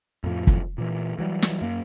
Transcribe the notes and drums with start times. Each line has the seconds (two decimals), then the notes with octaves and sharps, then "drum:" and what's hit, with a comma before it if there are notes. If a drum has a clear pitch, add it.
0.24 F2 A2 F3
0.47 drum: kick
0.78 A#2 E3
1.19 E3 F#3 G3
1.42 drum: snare
1.61 F#2 A#3